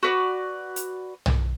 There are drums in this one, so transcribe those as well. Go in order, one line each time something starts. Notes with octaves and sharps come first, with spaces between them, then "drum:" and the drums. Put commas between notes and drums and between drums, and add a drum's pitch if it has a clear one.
F#4 B4 D5
drum: hi-hat
drum: tom B1